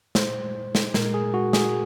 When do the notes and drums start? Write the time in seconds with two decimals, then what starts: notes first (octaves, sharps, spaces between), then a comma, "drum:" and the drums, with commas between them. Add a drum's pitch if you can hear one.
0.15 A#2 G#3 C5, drum: snare
0.75 drum: snare
0.94 A#2 G#3 A#4, drum: snare
1.14 G#4
1.34 F#4
1.53 G#4, drum: snare